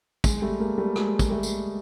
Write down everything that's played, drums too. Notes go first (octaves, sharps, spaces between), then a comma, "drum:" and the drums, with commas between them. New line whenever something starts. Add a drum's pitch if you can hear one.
G#3, drum: kick, tambourine
G3 A3
G#3 A#3
G3 A3
G#3, drum: rim click
drum: kick, tambourine
G3 A3
drum: tambourine